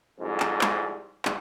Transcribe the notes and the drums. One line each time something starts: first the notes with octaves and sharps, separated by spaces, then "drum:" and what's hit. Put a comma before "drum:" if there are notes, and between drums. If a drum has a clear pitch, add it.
C2 F2 G#2
drum: clap
drum: clap
drum: clap